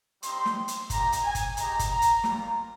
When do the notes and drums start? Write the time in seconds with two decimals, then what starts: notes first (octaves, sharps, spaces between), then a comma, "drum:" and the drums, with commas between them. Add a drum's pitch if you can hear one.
0.23 G3 C4 D#4 G4 C6, drum: hi-hat
0.45 drum: snare
0.68 drum: hi-hat
0.90 A#3 D#4 G4 A#5, drum: kick G1, hi-hat
1.12 drum: hi-hat
1.23 G#5
1.35 drum: kick G1, hi-hat
1.57 G#3 D#4 G4 A#5, drum: hi-hat
1.79 drum: kick G1, hi-hat
1.91 A#5
2.02 drum: hi-hat
2.24 G3 A#3 F4 A#5, drum: snare